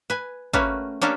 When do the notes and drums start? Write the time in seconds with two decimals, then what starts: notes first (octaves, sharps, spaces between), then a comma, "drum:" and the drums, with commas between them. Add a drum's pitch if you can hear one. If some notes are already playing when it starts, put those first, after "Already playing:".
0.10 B4 G#5
0.53 A3 A#3 C#4 F#4 B4, drum: kick
1.01 A#3 C#4 D4 G4 A4